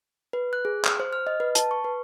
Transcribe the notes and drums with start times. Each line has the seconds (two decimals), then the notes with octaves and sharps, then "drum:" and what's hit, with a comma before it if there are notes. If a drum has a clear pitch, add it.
0.33 B4
0.53 F#6
0.65 G#4
0.85 F6, drum: clap
1.00 C5
1.13 F6
1.27 D#5
1.40 B4
1.55 A5, drum: hi-hat
1.71 C#6
1.84 B4